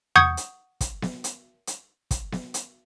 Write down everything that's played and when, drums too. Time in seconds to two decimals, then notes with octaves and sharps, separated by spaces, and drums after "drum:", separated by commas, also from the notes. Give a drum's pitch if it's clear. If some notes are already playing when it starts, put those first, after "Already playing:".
0.16 F#5 C#6 D#6 G6 G#6, drum: tom E2
0.37 drum: hi-hat
0.81 drum: kick, hi-hat
1.02 drum: snare B3
1.24 drum: hi-hat
1.67 drum: hi-hat
2.11 drum: kick, hi-hat
2.32 drum: snare B3
2.54 drum: hi-hat